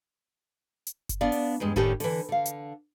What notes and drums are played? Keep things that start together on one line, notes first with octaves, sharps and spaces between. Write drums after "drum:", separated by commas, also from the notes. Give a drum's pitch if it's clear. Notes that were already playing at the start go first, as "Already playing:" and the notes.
drum: hi-hat
drum: kick F#1, hi-hat
B3 D4 D5 F5
drum: open hi-hat
E2 G2 G#3
A2 D#3 C#4 D4 G4 G5, drum: kick F#1
D3 E3, drum: open hi-hat
D3 F5
drum: hi-hat